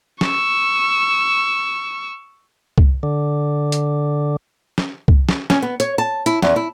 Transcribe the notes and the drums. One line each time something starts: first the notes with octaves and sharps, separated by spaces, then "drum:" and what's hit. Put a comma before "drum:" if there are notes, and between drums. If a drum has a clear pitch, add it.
C#6 E6, drum: snare
drum: kick
D3
drum: hi-hat
drum: snare
drum: kick
drum: snare
C#4, drum: snare
B3
C#5, drum: hi-hat
A5
E4, drum: hi-hat
E2, drum: snare
E4